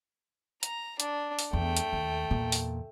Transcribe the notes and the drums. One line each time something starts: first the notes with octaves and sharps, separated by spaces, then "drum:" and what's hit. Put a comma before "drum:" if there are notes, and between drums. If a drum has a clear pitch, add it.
A#5, drum: hi-hat
D4, drum: hi-hat
drum: open hi-hat
E2 A3 G5
drum: hi-hat
D#2
E2 A#2
drum: open hi-hat